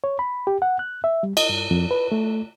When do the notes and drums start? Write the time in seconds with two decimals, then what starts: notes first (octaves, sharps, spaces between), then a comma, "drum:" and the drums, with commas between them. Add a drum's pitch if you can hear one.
0.04 C#5
0.19 B5
0.47 G4
0.62 F#5
0.79 F#6
1.04 E5
1.23 G3
1.37 D#5, drum: cymbal
1.49 G2
1.71 F2
1.91 B4
2.12 A3